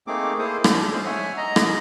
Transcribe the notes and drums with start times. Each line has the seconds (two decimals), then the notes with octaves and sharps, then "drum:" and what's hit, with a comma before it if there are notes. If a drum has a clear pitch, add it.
0.07 A3 A#3 C4 D#4 G#4 D6
0.39 A#3 E4 G#4 A4 C5 D#6
0.64 D4 A4, drum: rim click
0.92 G#3 C#4 G#4 C5
1.06 C#5 E5 F#5 G#5
1.37 D#5 A#5
1.56 drum: rim click